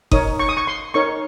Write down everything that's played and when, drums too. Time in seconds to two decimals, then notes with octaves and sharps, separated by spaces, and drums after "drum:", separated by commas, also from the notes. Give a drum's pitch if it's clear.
0.11 D#4 A#4 C#5 D#6, drum: kick F#1
0.39 C#6
0.49 D#6
0.57 C#6
0.67 C6
0.94 D#4 A#4 C#5 C#6